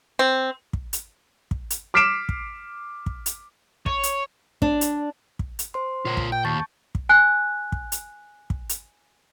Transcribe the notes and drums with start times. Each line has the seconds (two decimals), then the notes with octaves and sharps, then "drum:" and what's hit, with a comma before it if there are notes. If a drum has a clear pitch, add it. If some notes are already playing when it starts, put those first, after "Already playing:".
0.19 C4
0.73 drum: kick
0.93 drum: hi-hat
1.51 drum: kick
1.70 drum: hi-hat
1.94 D6 F6 B6 C7 D7 E7
2.29 drum: kick
3.06 drum: kick
3.26 drum: hi-hat
3.86 C#5, drum: kick
4.03 drum: hi-hat
4.62 D4, drum: kick
4.81 drum: hi-hat
5.39 drum: kick
5.59 drum: hi-hat
5.74 C5 C6
6.05 A#2 F4 C#5
6.17 drum: kick
6.32 G5 G6
6.45 D#2 A5 C#6 A6
6.95 drum: kick
7.09 G#5 F#6
7.72 drum: kick
7.92 drum: hi-hat
8.50 drum: kick
8.69 drum: hi-hat